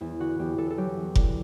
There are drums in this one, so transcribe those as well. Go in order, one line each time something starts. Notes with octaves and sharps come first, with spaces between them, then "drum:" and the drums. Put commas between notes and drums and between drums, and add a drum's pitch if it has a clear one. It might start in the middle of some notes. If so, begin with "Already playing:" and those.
E2 E4
D3 F#4
E2 G4
E2 A4
A4
F#3 G4
E2
D3, drum: kick F1